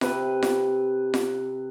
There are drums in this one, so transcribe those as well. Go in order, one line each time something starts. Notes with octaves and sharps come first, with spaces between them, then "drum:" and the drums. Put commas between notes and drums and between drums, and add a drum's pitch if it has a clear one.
C3 B4, drum: snare F4
drum: snare F4
drum: snare F4